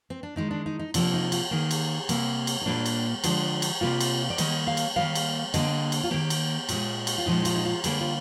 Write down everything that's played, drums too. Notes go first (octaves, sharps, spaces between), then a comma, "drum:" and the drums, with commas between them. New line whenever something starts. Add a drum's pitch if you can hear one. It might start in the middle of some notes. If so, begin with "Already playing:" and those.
C4
D4
D#3 G#3 D#4
D4
D#4
D#4
C3 F3 A#3 D4, drum: cymbal
D#4
F4, drum: cymbal
D#3 A#3 G#4
drum: cymbal
C3 G3 A#3, drum: cymbal
drum: cymbal
D#4
A#2 G3 A#3 D4
drum: cymbal
D3 F3 G#3 D4, drum: cymbal
drum: cymbal
C3 G3 A#3 F4
drum: cymbal
D5
D#3 G3 A#3 D#5, drum: cymbal
F5
drum: cymbal
D#3 G3 A#3 F5
drum: cymbal
D3 G3 A#3 D#5, drum: cymbal
drum: cymbal
F4
D#3 A#3 G4
drum: cymbal
A#2 G#3, drum: cymbal
drum: cymbal
F4
A#2 F3 G#3 D#4
D#4
F4, drum: cymbal
D#4
F4
D3 G3 A#3 G#4, drum: cymbal
F4